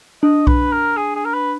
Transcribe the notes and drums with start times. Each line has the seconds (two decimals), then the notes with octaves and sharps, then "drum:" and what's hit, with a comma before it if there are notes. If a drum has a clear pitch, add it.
0.23 D4 D#5
0.47 B4, drum: kick B1
0.72 A#4
0.97 G#4
1.15 G#4
1.25 A#4
1.34 B4